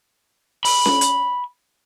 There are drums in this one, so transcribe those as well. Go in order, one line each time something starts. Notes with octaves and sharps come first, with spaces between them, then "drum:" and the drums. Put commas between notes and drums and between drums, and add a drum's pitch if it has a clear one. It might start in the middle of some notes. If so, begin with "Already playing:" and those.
B5, drum: open hi-hat
drum: snare C#4
drum: hi-hat